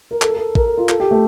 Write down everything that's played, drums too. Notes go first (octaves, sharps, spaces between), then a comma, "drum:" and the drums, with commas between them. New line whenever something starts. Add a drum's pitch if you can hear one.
A#4
A4, drum: clap
A#4
A4
A#4, drum: kick
A4
F4
A4, drum: clap
G4
A3